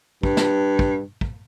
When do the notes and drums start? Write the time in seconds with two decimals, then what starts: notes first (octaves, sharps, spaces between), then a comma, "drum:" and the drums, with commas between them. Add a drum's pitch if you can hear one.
0.23 G2, drum: kick
0.37 drum: snare
0.79 drum: kick
1.21 drum: kick